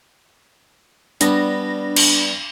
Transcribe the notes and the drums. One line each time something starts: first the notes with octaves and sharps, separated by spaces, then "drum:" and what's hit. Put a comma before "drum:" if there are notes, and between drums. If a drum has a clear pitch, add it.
G3 B3 D4 A#6, drum: hi-hat
drum: cymbal